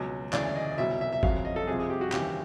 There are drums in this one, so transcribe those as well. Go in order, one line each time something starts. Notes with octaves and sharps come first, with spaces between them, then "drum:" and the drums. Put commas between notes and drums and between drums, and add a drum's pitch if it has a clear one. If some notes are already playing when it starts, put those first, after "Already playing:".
Already playing: C#2 B2 F#3
D2 C#3 E3 D5, drum: clap
D#5
C2 B2 F#3 E5
E5
E5
F2 C#3 F#3 F5, drum: kick
D#5
A4
F2 C3 F3 G#4
G#4
G4
F#4
D#2 C#3 E3 G4, drum: clap